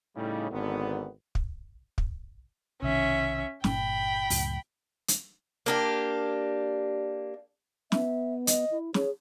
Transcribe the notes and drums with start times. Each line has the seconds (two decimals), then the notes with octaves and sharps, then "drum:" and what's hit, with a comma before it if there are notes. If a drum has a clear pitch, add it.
0.17 A2 C#3 G3 D#4
0.51 G#1 D3 D#3 B3
1.35 drum: kick
1.98 drum: kick
2.82 B1 C3 D#3 C#4 E5
3.64 G1 A#2 G5 B5, drum: snare
4.30 C#2 F#2 A2, drum: open hi-hat
5.08 drum: hi-hat
5.66 A#3 D4 G4
7.92 B3 E5, drum: snare
8.47 D#5, drum: hi-hat
8.71 E4
8.94 G#4 C#5, drum: snare